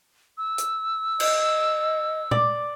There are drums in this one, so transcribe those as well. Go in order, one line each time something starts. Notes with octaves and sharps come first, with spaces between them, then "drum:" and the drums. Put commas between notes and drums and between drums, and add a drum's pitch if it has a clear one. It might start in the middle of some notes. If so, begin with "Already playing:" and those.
E6
drum: hi-hat
D#5, drum: cymbal
D5, drum: tom A#2